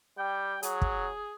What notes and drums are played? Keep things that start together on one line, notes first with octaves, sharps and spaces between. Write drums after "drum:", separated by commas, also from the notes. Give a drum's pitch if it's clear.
G3 G5
F#3 G#4, drum: hi-hat
drum: kick